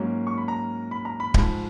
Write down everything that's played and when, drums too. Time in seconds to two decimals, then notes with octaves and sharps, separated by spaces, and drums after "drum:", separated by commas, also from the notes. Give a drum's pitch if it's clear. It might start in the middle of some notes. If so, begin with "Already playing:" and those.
Already playing: G#2 F#3 A#3 C#4
0.27 C#6
0.38 B5
0.48 A#5
0.91 B5
1.05 A#5
1.20 B5
1.34 G#2 F3 G#3 B5, drum: kick D1